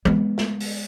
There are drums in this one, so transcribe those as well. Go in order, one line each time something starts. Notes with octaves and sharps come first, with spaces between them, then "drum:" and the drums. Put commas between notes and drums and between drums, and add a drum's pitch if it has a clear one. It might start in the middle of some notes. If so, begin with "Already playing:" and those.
G#3 B3, drum: tom E3
drum: snare
drum: open hi-hat